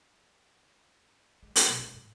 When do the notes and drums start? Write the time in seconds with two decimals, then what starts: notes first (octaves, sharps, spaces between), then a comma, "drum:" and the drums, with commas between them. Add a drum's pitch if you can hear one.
1.43 G#3
1.56 F#3, drum: hi-hat
1.67 B2
1.79 G#3
1.94 A2